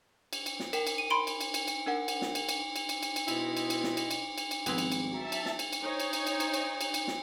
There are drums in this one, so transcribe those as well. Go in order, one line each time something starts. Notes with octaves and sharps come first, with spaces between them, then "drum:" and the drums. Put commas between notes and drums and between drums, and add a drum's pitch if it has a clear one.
drum: cymbal
drum: cymbal
drum: snare
A#4 G5, drum: cymbal
drum: cymbal
D#7
B5 C6 D7
drum: cymbal
drum: cymbal
drum: cymbal
drum: cymbal
D4 A#4 F#5
drum: cymbal
drum: snare
drum: cymbal
drum: cymbal
drum: cymbal
drum: cymbal
drum: cymbal
drum: cymbal
B2 E4 C5 D#5, drum: cymbal
drum: cymbal
drum: cymbal
drum: snare
drum: cymbal
drum: cymbal
drum: cymbal
drum: cymbal
G#1 F3 G3 B3 C4 G#5, drum: cymbal
drum: cymbal
drum: cymbal
F#3 E5 A5 A#5
drum: cymbal
drum: snare
drum: cymbal
drum: cymbal
D#4 C5 C#5
drum: cymbal
drum: cymbal
drum: cymbal
drum: cymbal
drum: cymbal
drum: cymbal
drum: cymbal
drum: snare